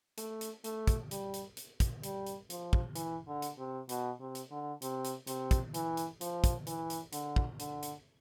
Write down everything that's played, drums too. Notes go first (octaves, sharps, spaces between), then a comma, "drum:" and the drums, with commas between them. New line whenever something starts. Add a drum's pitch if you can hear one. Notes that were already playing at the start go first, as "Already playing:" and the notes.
A3, drum: hi-hat
drum: hi-hat
A3, drum: hi-hat
drum: kick, hi-hat
G3, drum: hi-hat
drum: hi-hat
drum: hi-hat
drum: kick, hi-hat
G3, drum: hi-hat
drum: hi-hat
F3, drum: hi-hat
drum: kick
E3, drum: hi-hat
D3
drum: hi-hat
C3
B2, drum: hi-hat
C3
drum: hi-hat
D3
C3, drum: hi-hat
drum: hi-hat
C3, drum: hi-hat
drum: kick, hi-hat
E3, drum: hi-hat
drum: hi-hat
F3, drum: hi-hat
drum: kick, hi-hat
E3, drum: hi-hat
drum: hi-hat
D3, drum: hi-hat
drum: kick
D3, drum: hi-hat
drum: hi-hat